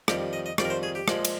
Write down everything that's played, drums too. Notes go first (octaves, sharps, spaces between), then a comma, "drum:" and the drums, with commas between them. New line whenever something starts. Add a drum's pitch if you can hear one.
F2 D#3 G3 G4, drum: rim click
D#5
D#5
F2 D#3 G3 D5, drum: rim click
A#4
C5
G#4
G4
A#2 F3 G#3, drum: rim click
drum: cymbal